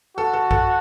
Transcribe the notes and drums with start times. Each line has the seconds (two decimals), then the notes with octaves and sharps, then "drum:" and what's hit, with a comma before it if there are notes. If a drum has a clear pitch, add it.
0.17 F#4 A4
0.33 A4
0.51 A4, drum: kick